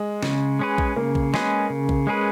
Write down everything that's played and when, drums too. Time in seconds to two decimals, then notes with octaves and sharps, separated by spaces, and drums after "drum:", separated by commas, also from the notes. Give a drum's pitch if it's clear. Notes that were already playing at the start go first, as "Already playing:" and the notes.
Already playing: G#3
0.23 C#3, drum: snare
0.59 G#3 C#4 G#4 B4
0.78 drum: kick A#1
0.96 C#3 A#3
1.15 drum: kick A#1
1.34 G#3 C#4 G#4 B4, drum: snare
1.70 C#3
1.89 drum: kick A#1
2.07 G#3 C#4 G#4 B4